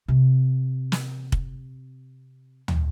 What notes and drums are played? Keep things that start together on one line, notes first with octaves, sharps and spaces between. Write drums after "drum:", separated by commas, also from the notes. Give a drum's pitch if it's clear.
C3 C4
drum: snare
drum: kick
drum: tom